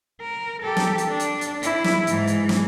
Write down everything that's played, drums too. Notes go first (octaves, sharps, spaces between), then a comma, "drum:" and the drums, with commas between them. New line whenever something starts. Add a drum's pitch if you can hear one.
A#4
G4 A4
drum: snare
drum: hi-hat
D4
drum: hi-hat
drum: hi-hat
E4, drum: hi-hat
drum: snare
G#2 E3, drum: hi-hat
drum: hi-hat
drum: snare